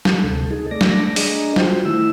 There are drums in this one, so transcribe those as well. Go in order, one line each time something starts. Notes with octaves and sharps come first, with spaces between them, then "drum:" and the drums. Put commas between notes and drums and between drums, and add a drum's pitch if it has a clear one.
drum: snare
D2 C3 A4
D#4 G#4 A4
A3 D5 A#6
drum: snare
D4 G#4 D#5 A#5, drum: open hi-hat
F4 F#4 C5 G5, drum: snare
D#3 A3 E4 E6